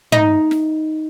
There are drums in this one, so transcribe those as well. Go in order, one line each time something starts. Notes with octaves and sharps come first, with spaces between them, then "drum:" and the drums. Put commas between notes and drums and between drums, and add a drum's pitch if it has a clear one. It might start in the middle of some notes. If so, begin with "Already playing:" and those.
D#4, drum: tom
drum: snare